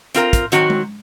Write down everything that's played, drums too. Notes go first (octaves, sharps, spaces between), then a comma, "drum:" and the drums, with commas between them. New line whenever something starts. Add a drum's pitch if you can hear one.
C4 F4 A#4, drum: hi-hat
drum: kick, hi-hat
D#3 F#3 C4 F#4, drum: hi-hat
drum: tom G#3